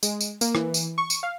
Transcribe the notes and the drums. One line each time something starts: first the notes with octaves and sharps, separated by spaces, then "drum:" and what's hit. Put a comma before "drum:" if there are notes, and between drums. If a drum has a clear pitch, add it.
G#3, drum: tambourine
drum: tambourine
A#3, drum: tambourine
E3, drum: rim click
drum: tambourine
C#6
drum: tambourine
F5